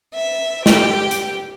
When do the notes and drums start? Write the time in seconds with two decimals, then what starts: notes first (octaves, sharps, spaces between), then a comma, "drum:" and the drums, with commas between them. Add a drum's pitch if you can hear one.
0.13 E5
0.66 G4, drum: snare
1.11 drum: hi-hat